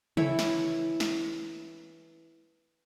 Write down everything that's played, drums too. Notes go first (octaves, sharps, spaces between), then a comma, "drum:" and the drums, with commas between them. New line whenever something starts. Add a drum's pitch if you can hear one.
E3 E4 A4 C#5, drum: tom
drum: snare
drum: snare